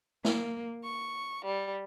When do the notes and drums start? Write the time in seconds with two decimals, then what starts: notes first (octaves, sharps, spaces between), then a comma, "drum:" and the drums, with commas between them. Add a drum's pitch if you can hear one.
0.25 A#3, drum: snare
0.84 C#6
1.45 G3